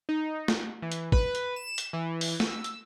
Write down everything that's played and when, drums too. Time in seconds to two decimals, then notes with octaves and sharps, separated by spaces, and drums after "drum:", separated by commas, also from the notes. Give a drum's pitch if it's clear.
0.09 D#4
0.48 drum: snare
0.82 E3
0.92 drum: hi-hat
1.12 B4, drum: kick
1.35 drum: hi-hat
1.56 E7
1.78 drum: hi-hat
1.93 E3
2.21 drum: open hi-hat
2.40 E6, drum: snare
2.64 drum: hi-hat